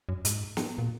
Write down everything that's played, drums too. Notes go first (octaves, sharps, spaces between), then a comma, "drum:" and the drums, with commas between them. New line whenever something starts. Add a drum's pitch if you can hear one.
F#2
G#2, drum: hi-hat
drum: snare
A#2